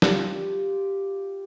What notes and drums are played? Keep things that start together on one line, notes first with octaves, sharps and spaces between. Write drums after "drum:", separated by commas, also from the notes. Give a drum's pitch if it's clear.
F4 G4, drum: snare